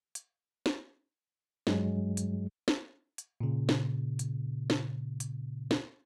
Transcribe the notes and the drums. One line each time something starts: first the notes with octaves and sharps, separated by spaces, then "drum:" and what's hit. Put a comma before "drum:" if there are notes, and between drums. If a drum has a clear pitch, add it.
drum: hi-hat
drum: snare
G2 F#3 G#3, drum: snare
drum: hi-hat
drum: snare
drum: hi-hat
A#2 C#3
drum: snare
drum: hi-hat
drum: snare
drum: hi-hat
drum: snare